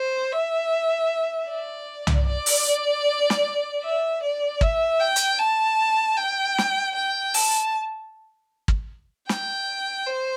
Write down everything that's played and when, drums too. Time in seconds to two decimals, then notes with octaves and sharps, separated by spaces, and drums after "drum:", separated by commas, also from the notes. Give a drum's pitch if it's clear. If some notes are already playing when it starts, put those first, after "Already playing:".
Already playing: C5
0.32 E5
1.49 D5
2.07 drum: tom C2
2.27 D5
2.46 drum: open hi-hat
3.30 drum: snare
3.83 E5
4.22 D5
4.61 E5, drum: kick
4.99 G5
5.16 drum: hi-hat
5.39 A5
6.17 G5
6.58 drum: snare
6.95 G5
7.34 A5, drum: open hi-hat
8.68 drum: kick
9.29 G5, drum: snare
10.07 C5